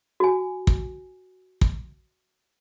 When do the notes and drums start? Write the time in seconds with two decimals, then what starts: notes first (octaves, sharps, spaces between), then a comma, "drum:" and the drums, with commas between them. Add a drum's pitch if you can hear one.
0.20 F#4 G#5
0.67 drum: kick
1.61 drum: kick